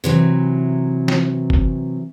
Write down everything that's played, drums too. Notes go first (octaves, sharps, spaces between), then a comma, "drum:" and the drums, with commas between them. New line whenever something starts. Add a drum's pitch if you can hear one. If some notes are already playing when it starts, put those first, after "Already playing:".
C3 E3 F#3
drum: snare
drum: kick F#1